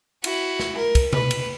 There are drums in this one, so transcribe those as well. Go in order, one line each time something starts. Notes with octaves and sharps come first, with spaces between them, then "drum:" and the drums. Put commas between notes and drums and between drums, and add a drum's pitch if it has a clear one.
E4 F#4, drum: cymbal
drum: snare
A#4
drum: kick, cymbal
B4, drum: tom B2
drum: cymbal